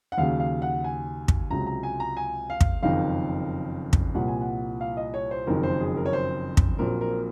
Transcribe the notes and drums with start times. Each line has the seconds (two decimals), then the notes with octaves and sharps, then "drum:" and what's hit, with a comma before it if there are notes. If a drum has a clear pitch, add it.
0.12 F#5
0.18 D#2 C#3 F#3 F5
0.40 F5
0.62 F#5
0.84 G#5
1.28 drum: kick
1.51 C#2 C3 F#3 A#5
1.67 A#5
1.83 G#5
2.00 A#5
2.17 G#5
2.50 F5
2.61 drum: kick
2.83 F#1 F2 D#3 F5
3.93 drum: kick
4.14 C2 A#2 F3 A#3 F#5
4.28 G#5
4.41 F#5
4.81 F5
4.97 D#5
5.14 C#5
5.31 C5
5.47 F#1 F2 D#3 F#3 A#4
5.63 C5
5.80 G#4
5.97 A#4
6.06 C#5
6.13 C5
6.57 drum: kick
6.79 A#1 A#2 F#3 C4 A#4
7.01 A#4